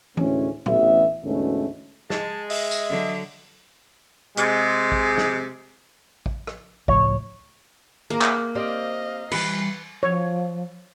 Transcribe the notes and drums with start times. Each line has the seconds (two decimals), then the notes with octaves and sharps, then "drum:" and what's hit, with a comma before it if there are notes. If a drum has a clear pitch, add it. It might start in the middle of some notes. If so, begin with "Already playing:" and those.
0.17 D2 A2 E3 G#3 C#4, drum: tom E3
0.66 A1 D2 B3 E5, drum: tom
1.23 D2 G#2 B2 E3 A3 C#4
2.10 G#3 A5, drum: snare
2.50 D#5 E5, drum: open hi-hat
2.71 drum: tambourine
2.90 D3 F#3
4.37 C3 G#3, drum: hi-hat
4.92 drum: kick
5.18 drum: snare
6.26 drum: kick
6.47 drum: rim click
6.88 C#2 A2 F3 C#5, drum: kick
8.10 A#3 G#4 A#4
8.22 drum: clap
8.55 C4 G4 D5 D#5 F5
9.32 E3 G3 B4 C7, drum: cymbal
10.03 F3 C#5